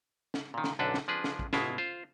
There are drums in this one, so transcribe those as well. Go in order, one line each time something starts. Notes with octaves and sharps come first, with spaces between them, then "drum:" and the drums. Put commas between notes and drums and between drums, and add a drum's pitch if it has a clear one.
drum: snare
A#2 D#3
drum: snare
B1 F#2 D3 D4 A4 B4
drum: snare
F3 D4 G#4 B4
drum: snare
drum: kick
G1 B2 G#3 E4 F4 E5, drum: snare
F4 C5